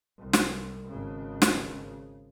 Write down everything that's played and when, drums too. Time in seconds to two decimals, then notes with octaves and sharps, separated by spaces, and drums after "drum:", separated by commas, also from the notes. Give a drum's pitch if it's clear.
0.18 C2
0.33 drum: snare
0.87 G#1 C#3
1.42 drum: snare